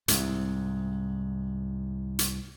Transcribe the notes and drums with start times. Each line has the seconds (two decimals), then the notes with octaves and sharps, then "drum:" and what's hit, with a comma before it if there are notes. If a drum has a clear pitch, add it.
0.08 C2 G#2, drum: hi-hat
2.19 drum: hi-hat